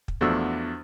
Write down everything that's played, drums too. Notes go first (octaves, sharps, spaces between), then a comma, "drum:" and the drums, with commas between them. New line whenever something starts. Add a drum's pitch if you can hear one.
drum: kick
E2 F3 A3 D4 F#4 E6